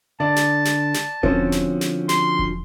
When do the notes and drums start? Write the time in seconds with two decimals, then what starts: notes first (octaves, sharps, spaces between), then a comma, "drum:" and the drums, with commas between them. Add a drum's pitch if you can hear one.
0.20 D3 D5 A5
0.36 drum: snare
0.65 drum: snare
0.94 drum: snare
1.23 D3 F3 C4 C#4 F#4, drum: kick E1
1.52 drum: snare
1.81 drum: snare
2.09 C6, drum: snare
2.39 drum: kick E1